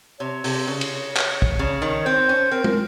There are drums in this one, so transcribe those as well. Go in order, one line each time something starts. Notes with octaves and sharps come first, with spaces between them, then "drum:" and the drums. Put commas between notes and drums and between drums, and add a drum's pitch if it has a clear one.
C3 C#5
C3, drum: open hi-hat
C#3
drum: cymbal
drum: clap
drum: kick
C#3
D#3
C4 C5
C#4
C4 A#4
A#4, drum: tom